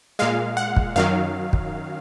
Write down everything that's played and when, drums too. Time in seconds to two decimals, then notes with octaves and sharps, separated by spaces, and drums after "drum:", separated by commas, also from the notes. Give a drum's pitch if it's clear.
0.19 A#2 G#3 F5
0.57 F#5
0.77 drum: kick
0.96 F#2 D#3 F#3 F5
1.53 drum: kick